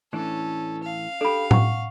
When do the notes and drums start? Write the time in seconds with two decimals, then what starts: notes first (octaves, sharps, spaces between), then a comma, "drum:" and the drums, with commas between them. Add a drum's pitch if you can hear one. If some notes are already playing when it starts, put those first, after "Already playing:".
0.13 A2 E3 C#4 D4 A4
0.83 F5
1.21 D4 G4 A4 B5
1.51 F#5 C#6, drum: tom A2